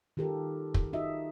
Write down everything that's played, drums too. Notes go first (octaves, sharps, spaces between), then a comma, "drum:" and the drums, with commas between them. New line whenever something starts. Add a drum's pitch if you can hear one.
D#3 F4 G4 A4 A#4
drum: kick
D#4 F4 F#4 D#5 E5